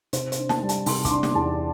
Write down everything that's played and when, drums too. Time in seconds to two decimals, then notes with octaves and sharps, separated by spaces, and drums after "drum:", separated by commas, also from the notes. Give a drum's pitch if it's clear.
0.13 C3 C5, drum: hi-hat
0.32 C5, drum: hi-hat
0.38 D4
0.49 A5, drum: snare
0.62 G3
0.69 A5, drum: hi-hat
0.86 C3 C6, drum: open hi-hat
1.05 D6, drum: kick, hi-hat
1.10 D4 C6
1.23 drum: snare
1.35 E2 A5